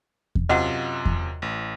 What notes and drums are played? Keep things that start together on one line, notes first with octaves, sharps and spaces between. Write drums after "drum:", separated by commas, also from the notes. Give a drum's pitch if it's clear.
drum: kick E2
F#2 C3 F4 D#5 F#5
drum: kick E2
A1